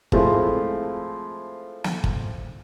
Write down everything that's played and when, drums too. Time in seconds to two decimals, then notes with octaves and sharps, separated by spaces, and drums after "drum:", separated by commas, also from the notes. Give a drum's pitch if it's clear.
0.12 F3 G#3 A3 C4 E4 F4, drum: kick
1.84 drum: snare
2.04 drum: kick